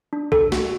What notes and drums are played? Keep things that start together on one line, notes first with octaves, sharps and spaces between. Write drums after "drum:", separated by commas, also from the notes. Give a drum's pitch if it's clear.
D4
A4, drum: kick
F#4, drum: snare